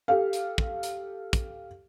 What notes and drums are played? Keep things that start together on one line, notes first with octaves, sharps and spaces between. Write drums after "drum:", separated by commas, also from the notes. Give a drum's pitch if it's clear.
G4 A4 F5
drum: hi-hat
drum: kick
drum: hi-hat
drum: kick, hi-hat